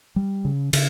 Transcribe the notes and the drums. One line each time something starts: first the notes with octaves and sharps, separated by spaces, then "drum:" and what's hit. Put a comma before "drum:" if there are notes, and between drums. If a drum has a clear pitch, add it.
G3
C#3
C#3, drum: cymbal